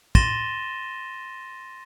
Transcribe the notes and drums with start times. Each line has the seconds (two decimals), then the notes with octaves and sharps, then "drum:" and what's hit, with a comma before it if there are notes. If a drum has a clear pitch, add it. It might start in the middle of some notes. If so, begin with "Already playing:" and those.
0.15 C6 A6 A#6 D#7 E7 G7, drum: kick